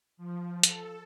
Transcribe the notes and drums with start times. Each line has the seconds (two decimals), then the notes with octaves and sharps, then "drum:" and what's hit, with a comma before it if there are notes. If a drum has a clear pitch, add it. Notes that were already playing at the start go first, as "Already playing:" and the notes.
0.17 F3
0.63 A4, drum: hi-hat